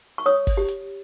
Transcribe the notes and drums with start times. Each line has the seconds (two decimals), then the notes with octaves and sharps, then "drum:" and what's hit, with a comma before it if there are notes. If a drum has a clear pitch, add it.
0.18 C#6
0.26 C#5 D#6
0.47 drum: kick G1, open hi-hat
0.57 G4
0.68 drum: hi-hat